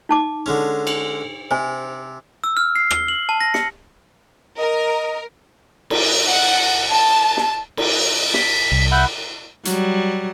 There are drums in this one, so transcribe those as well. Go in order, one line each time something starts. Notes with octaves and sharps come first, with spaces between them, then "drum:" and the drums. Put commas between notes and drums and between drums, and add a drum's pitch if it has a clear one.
D#4 A5 D6
D3 G#3 C#4
drum: cymbal
C3 C5 G#5
E6
F6
C7
G7, drum: rim click
F#7
A5
A#6
C#7, drum: snare
A#4 D#5
drum: cymbal
F#5
A5
drum: snare
drum: cymbal
B6, drum: snare
C2
E5 F#5 B5 G6
F#3 G3, drum: hi-hat